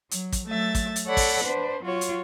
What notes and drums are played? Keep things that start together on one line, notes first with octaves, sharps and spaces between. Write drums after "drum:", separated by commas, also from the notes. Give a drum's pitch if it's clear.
F#3, drum: hi-hat
drum: kick, hi-hat
F#3 A3 E5 A6
drum: kick, hi-hat
drum: hi-hat
A4 C#5 D5 F#5 B5
drum: kick, open hi-hat
D4 B4 C5
F#3 F4 F#4 C#5
drum: hi-hat